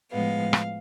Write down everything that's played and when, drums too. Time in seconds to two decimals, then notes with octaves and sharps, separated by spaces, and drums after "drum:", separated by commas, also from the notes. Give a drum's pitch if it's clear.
0.12 A2 F3 G#3 B3 F5
0.53 drum: rim click